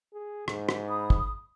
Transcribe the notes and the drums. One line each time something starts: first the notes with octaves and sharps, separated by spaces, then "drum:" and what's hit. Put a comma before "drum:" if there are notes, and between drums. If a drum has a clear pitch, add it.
G#4
G#2, drum: rim click
drum: rim click
B5 D#6
drum: kick